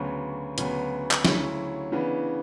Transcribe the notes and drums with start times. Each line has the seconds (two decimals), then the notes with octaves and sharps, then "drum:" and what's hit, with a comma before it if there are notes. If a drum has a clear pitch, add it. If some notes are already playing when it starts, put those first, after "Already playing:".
Already playing: D2 C#3 F#3 B3
0.58 D2 C#3 F#3 B3, drum: hi-hat
1.11 drum: clap
1.25 D2 C#3 F#3 C#4 E4, drum: snare
1.92 C#3 E3 B3 D4